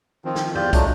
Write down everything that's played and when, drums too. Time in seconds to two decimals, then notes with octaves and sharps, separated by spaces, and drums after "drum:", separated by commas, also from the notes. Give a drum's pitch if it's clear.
0.25 D#3 F3 C4
0.35 drum: snare
0.55 E2 F4 G4 D5 G6, drum: tom F2
0.73 F#3 G#3 A3 D4, drum: kick, hi-hat